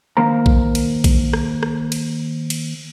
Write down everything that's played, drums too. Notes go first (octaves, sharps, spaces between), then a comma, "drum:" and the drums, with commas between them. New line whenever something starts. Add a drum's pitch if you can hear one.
D#3 A#3 A#4 C5 A#5
drum: kick A#1
drum: cymbal
drum: kick A#1, cymbal
drum: rim click
drum: rim click
drum: cymbal
drum: cymbal